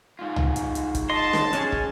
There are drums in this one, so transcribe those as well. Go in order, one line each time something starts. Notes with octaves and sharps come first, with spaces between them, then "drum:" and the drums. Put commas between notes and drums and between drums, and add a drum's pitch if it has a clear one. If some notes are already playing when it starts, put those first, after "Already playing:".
G#2 F4
drum: tom C2
drum: hi-hat
drum: hi-hat
drum: kick, hi-hat
D#5 A5 C6
drum: snare
F#3 C#4 G#4, drum: hi-hat
drum: kick